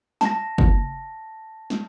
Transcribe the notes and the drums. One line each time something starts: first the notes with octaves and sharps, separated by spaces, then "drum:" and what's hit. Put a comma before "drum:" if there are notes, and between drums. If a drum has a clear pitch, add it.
A5 A#6, drum: snare
drum: kick
drum: snare